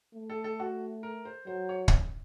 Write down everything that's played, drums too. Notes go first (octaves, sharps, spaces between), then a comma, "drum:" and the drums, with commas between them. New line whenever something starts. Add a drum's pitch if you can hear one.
A3
A4
A4
F#4
A#4
C5
F#3 C5
C#5
drum: kick